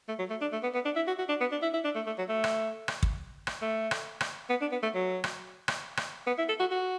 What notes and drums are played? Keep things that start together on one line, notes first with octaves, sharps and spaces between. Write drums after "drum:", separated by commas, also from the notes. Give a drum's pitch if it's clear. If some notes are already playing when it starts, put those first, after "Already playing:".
A3
F#3
A3
D4
A3
B3
B3
D4
E4
F#4
F#4
D4
B3
D4
E4
E4
D4
A3
A3
F#3
A3
drum: rim click
drum: rim click
drum: kick
drum: rim click
A3
drum: rim click
drum: rim click
B3
D4
B3
A3
F#3
drum: rim click
drum: rim click
drum: rim click
B3
E4
A4
F#4
F#4